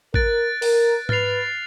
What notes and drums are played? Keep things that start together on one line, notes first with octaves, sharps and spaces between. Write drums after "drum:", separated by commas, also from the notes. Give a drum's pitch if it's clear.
A#4 F#6 A6 D7, drum: kick
A#4, drum: open hi-hat
B4 F6 A6 C7 F7, drum: tom G#2